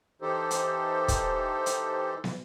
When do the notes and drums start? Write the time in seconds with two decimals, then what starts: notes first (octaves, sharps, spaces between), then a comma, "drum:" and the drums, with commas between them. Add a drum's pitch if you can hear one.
0.22 E3 D#4 G4 A4 C5
0.51 drum: hi-hat
1.08 drum: kick, hi-hat
1.66 drum: hi-hat
2.24 drum: snare